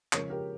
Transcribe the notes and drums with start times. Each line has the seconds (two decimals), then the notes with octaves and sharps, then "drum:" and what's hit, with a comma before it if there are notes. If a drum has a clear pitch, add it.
0.13 C#3 F3 G#3 A#4 C#5, drum: clap
0.30 G4 A#4